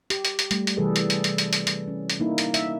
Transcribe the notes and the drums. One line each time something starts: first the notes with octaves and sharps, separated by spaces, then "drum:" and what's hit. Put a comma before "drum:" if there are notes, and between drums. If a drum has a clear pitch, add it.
G4, drum: hi-hat
drum: hi-hat
drum: hi-hat
G3 A3, drum: hi-hat
drum: hi-hat
C3 E3 G3 G#4 A4 B4
drum: hi-hat
drum: hi-hat
drum: hi-hat
drum: hi-hat
drum: hi-hat
drum: hi-hat
C#4
drum: hi-hat
A#3 D#4 E4
drum: hi-hat
E5, drum: hi-hat